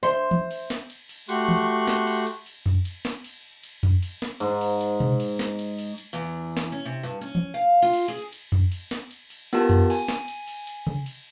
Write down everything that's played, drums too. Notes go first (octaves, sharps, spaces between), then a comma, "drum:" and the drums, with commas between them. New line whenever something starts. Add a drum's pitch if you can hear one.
C5 E5 C6
drum: tom
drum: cymbal
drum: snare
drum: cymbal
drum: cymbal
A3 F#4 G4 C6 C#6 F#6, drum: cymbal
drum: tom
drum: snare
drum: cymbal
drum: cymbal
drum: cymbal
drum: tom F2
drum: cymbal
drum: snare
drum: cymbal
drum: cymbal
drum: tom F2
drum: cymbal
drum: snare
G#2, drum: cymbal
drum: cymbal
drum: cymbal
drum: tom B2
drum: cymbal
drum: snare
drum: cymbal
drum: cymbal
drum: cymbal
E2
drum: snare
C#4
C3
G2
C#4
drum: tom
F5
F4
drum: cymbal
G#4
drum: cymbal
drum: tom F2
drum: cymbal
drum: snare
drum: cymbal
drum: cymbal
B3 F4 G4 A#4 A5, drum: cymbal
drum: tom F2
G#5, drum: cymbal
drum: snare
drum: cymbal
drum: cymbal
drum: cymbal
drum: tom C3
drum: cymbal